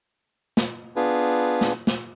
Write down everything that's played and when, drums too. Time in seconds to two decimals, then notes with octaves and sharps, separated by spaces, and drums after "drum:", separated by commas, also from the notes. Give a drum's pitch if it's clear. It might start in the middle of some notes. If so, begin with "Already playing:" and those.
0.57 drum: snare
0.96 B3 D4 F4 G#4 B4
1.61 drum: snare
1.87 drum: snare